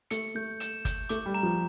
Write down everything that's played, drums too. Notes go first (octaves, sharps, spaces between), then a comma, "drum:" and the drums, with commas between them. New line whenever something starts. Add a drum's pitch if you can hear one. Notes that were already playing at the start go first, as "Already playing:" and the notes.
A3 C#7, drum: hi-hat
A3 G6
E7, drum: hi-hat
G6, drum: kick G1, hi-hat
A3 D6, drum: hi-hat
G3
A#5
F3